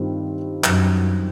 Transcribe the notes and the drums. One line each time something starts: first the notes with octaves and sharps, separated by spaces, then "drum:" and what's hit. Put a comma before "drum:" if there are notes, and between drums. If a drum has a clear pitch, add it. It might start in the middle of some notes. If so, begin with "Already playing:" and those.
Already playing: G2 D#3 G3 C4 F4
F#2, drum: clap